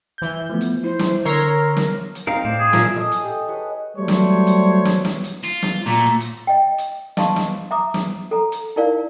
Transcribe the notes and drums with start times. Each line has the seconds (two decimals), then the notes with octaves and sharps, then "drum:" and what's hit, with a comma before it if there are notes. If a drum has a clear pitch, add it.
0.18 E3 G6
0.50 F3 A3 B3
0.61 drum: hi-hat
0.84 E4 C5
0.99 drum: snare
1.25 D3 A#4 C#5 A#5 C6 E6 C7
1.77 drum: snare
2.15 drum: hi-hat
2.27 C4 D#4 A#4 F5
2.45 A2 C5 D5 G5
2.59 G#4
2.73 A#2 A#4 E5 F5, drum: snare
2.96 A3 D#5 G#5 D#6
3.12 drum: hi-hat
3.23 G4 A4
3.47 G#4 B4 C#5 F#5
3.98 F#3 G3 A3 C5 C#5
4.08 drum: snare
4.47 drum: hi-hat
4.85 drum: snare
5.05 drum: snare
5.24 drum: hi-hat
5.44 F4, drum: hi-hat
5.63 drum: snare
5.86 A#2 A3 F#4 A#5
6.20 drum: hi-hat
6.47 D#5 G5
6.78 drum: hi-hat
7.17 D#5 F5 A5 C6 C#6, drum: snare
7.36 drum: snare
7.71 E5 A#5 D6 D#6
7.94 drum: snare
8.31 A4 A#5
8.52 drum: hi-hat
8.76 D#4 E4 A#4 D5 F5